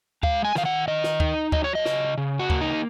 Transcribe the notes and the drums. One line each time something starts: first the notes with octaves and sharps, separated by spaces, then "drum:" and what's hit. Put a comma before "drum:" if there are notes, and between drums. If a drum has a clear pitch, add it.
G#3 F5, drum: kick D2
G#5
D#3 F5, drum: snare
F#5
D#3 D#5
drum: snare
D#4, drum: kick D2
F#3 D#5, drum: kick D2
C#5
D#5
C#3, drum: snare
C#3
F#4
A#3, drum: kick D2
D#4